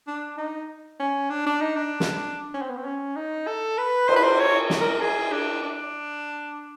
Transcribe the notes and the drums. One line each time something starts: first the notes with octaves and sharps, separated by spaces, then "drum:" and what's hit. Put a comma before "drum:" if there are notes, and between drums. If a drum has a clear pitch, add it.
D4
D#4
C#4
D4
D4
D#4
D4
drum: snare
C#4
C4
B3
C4
C#4
D#4
A4
B4
C5, drum: cymbal
B4
C5
C#5
drum: snare
A#4
G#4
D4
D4